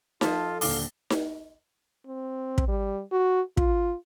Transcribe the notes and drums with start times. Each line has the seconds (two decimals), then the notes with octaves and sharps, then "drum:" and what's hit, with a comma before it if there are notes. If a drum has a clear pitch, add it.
0.21 F3 F4 A4 D#5 A5, drum: snare D#4
0.61 D#1 D3 F5 D6, drum: open hi-hat
1.10 drum: snare D#4
2.07 C4
2.58 drum: kick
2.68 G3
3.12 F#4
3.57 F4, drum: kick